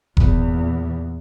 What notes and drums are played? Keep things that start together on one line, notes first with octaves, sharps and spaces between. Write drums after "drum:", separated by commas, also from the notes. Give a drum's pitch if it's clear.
E2 A#2, drum: kick F1